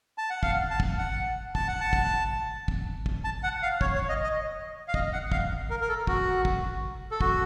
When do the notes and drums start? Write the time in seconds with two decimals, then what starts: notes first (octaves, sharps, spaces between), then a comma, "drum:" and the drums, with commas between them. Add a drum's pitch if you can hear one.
0.18 A5
0.30 F#5
0.43 F5, drum: kick
0.71 A5
0.80 drum: kick
0.98 F#5
1.55 A5, drum: kick
1.68 F#5
1.80 A5
1.93 drum: kick
2.68 drum: kick
3.06 drum: kick
3.24 A5
3.43 F#5
3.63 F5
3.81 C#5, drum: kick
3.95 C#5
4.09 D#5
4.23 D#5
4.88 F5
4.94 D#5, drum: kick
5.13 F#5
5.32 F5, drum: kick
5.70 A#4
5.81 A#4
5.89 A4
6.07 F#4, drum: kick
6.45 drum: kick
7.11 A4
7.21 F#4, drum: kick